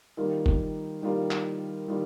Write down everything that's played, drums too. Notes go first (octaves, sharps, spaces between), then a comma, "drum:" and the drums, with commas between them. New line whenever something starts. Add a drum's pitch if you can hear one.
D#3 G3 A#3 F4 A#4
drum: kick F1
D#3 G3 A#3 F4 A#4
drum: clap
D#3 G3 A#3 F4